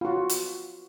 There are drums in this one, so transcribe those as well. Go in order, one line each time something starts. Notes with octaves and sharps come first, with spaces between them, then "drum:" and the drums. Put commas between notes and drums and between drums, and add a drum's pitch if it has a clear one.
F4 F#4
drum: hi-hat